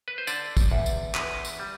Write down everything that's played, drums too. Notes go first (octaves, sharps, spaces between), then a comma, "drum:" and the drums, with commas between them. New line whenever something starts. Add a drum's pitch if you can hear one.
B4
C5
D3 D5, drum: tambourine
drum: kick, tambourine
E2
drum: tambourine
D3 B4, drum: clap
drum: tambourine
G3